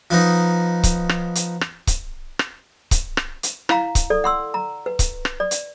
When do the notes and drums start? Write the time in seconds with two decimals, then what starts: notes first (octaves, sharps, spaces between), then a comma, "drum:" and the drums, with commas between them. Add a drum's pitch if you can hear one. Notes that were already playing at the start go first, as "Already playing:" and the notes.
0.10 F3 B3 D#4
0.83 drum: kick C#1, hi-hat
1.09 drum: rim click
1.35 drum: hi-hat
1.61 drum: rim click
1.87 drum: kick C#1, hi-hat
2.39 drum: rim click
2.91 drum: kick C#1, hi-hat
3.17 drum: rim click
3.43 drum: hi-hat
3.69 E4 F5 A#5, drum: rim click
3.95 drum: kick C#1, hi-hat
4.10 A4 D5
4.24 F#5 C6 E6
4.54 A#5
4.86 B4
4.99 drum: kick C#1, hi-hat
5.25 drum: rim click
5.40 D5
5.51 drum: hi-hat